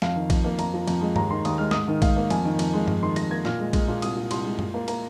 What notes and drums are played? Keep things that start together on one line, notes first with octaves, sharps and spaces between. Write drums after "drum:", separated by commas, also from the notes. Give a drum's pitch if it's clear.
F2 F5, drum: snare
D#3
F2, drum: kick A#1, cymbal
A#3
F2 A#5, drum: cymbal
F3
F2, drum: cymbal
G#3
D#2 A#5, drum: tom G2
D#3 C6
D#2 D#6, drum: cymbal
G#3 F6
G#2 D#6, drum: snare
D#3
G#2 F5, drum: kick A#1, cymbal
A#3
F2 G#5, drum: cymbal
D#3
F2, drum: cymbal
G#3
F2, drum: tom G2
D#3 C6
F2 A#6, drum: cymbal
A#3 G#6
A#2 F6, drum: snare
G#3
G#3, drum: kick A#1, cymbal
A#2
C2 D#6, drum: cymbal
A#2
C2 C6, drum: cymbal
G#3
A#2, drum: tom F#2
A#3
A#3 A#5, drum: cymbal